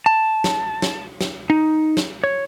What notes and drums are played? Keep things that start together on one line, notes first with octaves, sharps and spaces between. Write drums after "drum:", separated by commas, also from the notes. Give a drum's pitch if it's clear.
A5
drum: snare
drum: snare
drum: snare
D#4
drum: snare
C#5